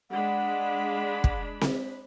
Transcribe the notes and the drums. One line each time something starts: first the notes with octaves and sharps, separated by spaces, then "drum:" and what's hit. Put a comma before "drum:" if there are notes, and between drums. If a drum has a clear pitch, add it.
G#3 D4 F#5 B5
drum: kick
drum: snare C4